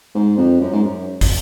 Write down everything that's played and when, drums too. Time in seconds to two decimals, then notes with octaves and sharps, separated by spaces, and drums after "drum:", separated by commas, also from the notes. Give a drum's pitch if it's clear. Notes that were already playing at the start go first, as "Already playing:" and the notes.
0.15 G#2
0.37 F2
0.60 F#2
0.72 G#2
0.83 F#2
1.21 drum: kick, open hi-hat